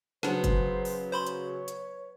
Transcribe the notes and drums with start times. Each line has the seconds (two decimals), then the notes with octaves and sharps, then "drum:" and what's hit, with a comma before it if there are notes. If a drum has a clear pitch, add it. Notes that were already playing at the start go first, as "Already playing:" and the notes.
0.23 C#3 F#3 B3 D4 C5, drum: snare
0.44 drum: kick F#1, hi-hat
0.85 drum: open hi-hat
1.12 C5 C#5 B5 C6
1.26 drum: hi-hat
1.68 drum: hi-hat